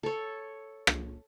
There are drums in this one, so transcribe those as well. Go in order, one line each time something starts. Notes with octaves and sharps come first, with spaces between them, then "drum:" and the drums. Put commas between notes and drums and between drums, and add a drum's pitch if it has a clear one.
A4 C#5
drum: rim click